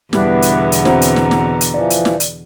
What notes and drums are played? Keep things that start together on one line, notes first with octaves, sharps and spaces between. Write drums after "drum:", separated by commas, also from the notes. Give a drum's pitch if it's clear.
E2 B2 D3 G3 B3 D4 E4 B4, drum: snare
drum: hi-hat
drum: hi-hat
C4 F#4 F#5 A#5, drum: snare
drum: hi-hat
drum: snare
drum: snare
drum: hi-hat
E3 F3 D5
drum: hi-hat
drum: snare
drum: hi-hat